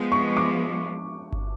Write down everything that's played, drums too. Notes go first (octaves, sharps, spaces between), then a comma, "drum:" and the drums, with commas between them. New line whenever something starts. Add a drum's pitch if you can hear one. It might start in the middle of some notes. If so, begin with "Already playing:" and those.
Already playing: F3 G#3 B3
C#6
D6
drum: kick G1